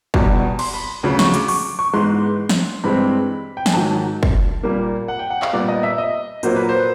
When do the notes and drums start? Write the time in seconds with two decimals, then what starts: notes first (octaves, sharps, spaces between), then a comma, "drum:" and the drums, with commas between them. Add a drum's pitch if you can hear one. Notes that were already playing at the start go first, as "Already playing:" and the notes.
0.14 E2 B2 G3, drum: kick
0.59 C6, drum: cymbal
0.74 B5
1.03 D2 C#3 F#3 B5
1.19 C#6, drum: snare
1.34 D6, drum: hi-hat
1.48 C#6, drum: open hi-hat
1.79 C#6
1.93 G#2 E3 G#3 B3 C6
2.49 drum: snare
2.84 G2 E3 G#3 C4 B5
3.57 G5
3.66 G#5, drum: snare
3.73 G#2 D#3 F#3 A5
4.23 drum: kick
4.63 A#2 G3 A#3
5.08 F#5
5.19 G5
5.30 F#5
5.42 F5, drum: clap
5.53 A#2 G3 B3 D5
5.68 D#5
5.83 E5
5.98 D#5
6.43 A#2 F#3 A#3 C5, drum: hi-hat
6.56 B4
6.69 C5
6.79 B4